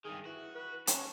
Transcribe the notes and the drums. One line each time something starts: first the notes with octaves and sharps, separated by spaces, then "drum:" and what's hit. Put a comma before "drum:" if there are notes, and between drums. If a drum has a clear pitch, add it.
G2 D#3 G#4
E3 F#4
B4
C#4 A5, drum: hi-hat